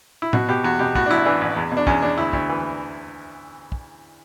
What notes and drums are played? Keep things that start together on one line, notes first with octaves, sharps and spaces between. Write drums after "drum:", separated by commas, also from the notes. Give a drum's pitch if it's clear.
E4
B2 F#4, drum: tom A2
B2 G4
E2 F#4
B2 G4
A2 F#4, drum: kick
D4
A1 E4
E3 D4
A1
E2
B2
D4
E2 C#4, drum: kick
E2 D4
D2 E4
D2, drum: kick
E3
drum: kick